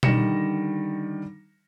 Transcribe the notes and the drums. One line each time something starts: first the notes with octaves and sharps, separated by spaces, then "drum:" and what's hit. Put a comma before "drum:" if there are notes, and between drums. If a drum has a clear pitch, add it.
D3 D#3 G3 A#6 C#7 E7, drum: tom B2